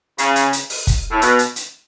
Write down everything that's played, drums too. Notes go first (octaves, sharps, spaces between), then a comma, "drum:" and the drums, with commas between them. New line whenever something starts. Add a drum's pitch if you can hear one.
C#3, drum: hi-hat
drum: hi-hat
drum: hi-hat
drum: open hi-hat
drum: kick, hi-hat
A2
B2, drum: hi-hat
drum: hi-hat
drum: hi-hat